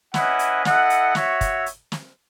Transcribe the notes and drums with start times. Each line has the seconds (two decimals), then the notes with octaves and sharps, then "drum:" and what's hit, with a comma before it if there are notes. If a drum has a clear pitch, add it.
0.14 C#4 E4 B4 D#5 F#5, drum: snare
0.39 drum: hi-hat
0.65 E4 A4 D#5 F#5, drum: snare
0.90 drum: hi-hat
1.15 F#4 C#5 E5, drum: snare
1.41 drum: kick, hi-hat
1.66 drum: hi-hat
1.92 drum: snare